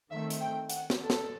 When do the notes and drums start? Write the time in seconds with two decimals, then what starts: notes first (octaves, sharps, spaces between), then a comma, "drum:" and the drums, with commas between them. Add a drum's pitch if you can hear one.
0.11 D#3 A3 C4 E5
0.30 drum: hi-hat
0.41 G5
0.70 F#5, drum: hi-hat
0.90 drum: snare
1.00 A4
1.10 drum: snare